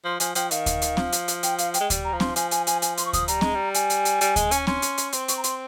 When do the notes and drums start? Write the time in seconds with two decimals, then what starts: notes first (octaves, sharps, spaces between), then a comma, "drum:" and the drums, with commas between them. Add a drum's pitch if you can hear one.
0.04 F3 C6
0.20 F3 G#5, drum: hi-hat
0.35 F3 G5, drum: hi-hat
0.51 D#3 F5, drum: hi-hat
0.66 drum: kick D2, hi-hat
0.82 drum: hi-hat
0.97 F3, drum: snare C4
1.12 drum: hi-hat
1.28 drum: hi-hat
1.43 G5, drum: hi-hat
1.58 F5, drum: hi-hat
1.74 G5, drum: hi-hat
1.80 G#3
1.90 G3, drum: kick D2, hi-hat
2.05 A#5
2.13 F3
2.20 C6, drum: snare C4
2.36 F3 G#5, drum: hi-hat
2.51 G#5, drum: hi-hat
2.67 G#5, drum: hi-hat
2.82 G#5, drum: hi-hat
2.97 C6, drum: hi-hat
3.06 C#6
3.13 D#6, drum: kick D2, hi-hat
3.28 G3 A#5, drum: hi-hat
3.41 G#3, drum: snare C4
3.55 G3
3.74 G#5, drum: hi-hat
3.90 drum: hi-hat
4.05 drum: hi-hat
4.21 G3, drum: hi-hat
4.36 G#3, drum: kick D2, hi-hat
4.51 C#4, drum: hi-hat
4.67 C#4 C6, drum: snare C4
4.82 drum: hi-hat
4.98 drum: hi-hat
5.12 C4 C6, drum: hi-hat
5.28 C#6, drum: hi-hat
5.37 A#5
5.44 C6, drum: hi-hat